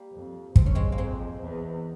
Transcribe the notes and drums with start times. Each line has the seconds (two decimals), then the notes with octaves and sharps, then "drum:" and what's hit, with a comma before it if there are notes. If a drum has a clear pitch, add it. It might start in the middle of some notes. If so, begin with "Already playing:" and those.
Already playing: G3 A#3
0.13 F2
0.56 G2 C4, drum: kick
0.66 C#4
0.75 G#3 C4
0.92 A#3
0.98 F2 G#3 C4
1.41 E2